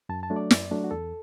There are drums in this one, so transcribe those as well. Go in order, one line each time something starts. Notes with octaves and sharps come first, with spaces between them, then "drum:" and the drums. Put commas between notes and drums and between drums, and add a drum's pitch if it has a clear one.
F#2 A5
A5
F#3 A3 D4
D5
F#2, drum: snare
F#3 A3 D4
F#4
E2 A4